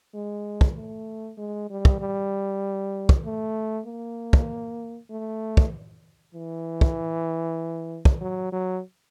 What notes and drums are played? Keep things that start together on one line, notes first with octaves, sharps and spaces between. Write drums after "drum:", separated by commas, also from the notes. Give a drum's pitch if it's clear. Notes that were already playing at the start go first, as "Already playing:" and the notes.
G#3
drum: kick
A3
G#3
G3
drum: kick
G3
drum: kick
A3
A#3
drum: kick
A3
drum: kick
E3
drum: kick
drum: kick
F#3
F#3